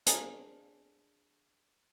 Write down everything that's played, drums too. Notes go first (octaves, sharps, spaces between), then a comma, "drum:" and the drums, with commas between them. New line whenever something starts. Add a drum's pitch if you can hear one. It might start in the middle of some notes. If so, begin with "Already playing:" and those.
D4 G#4 A#4, drum: hi-hat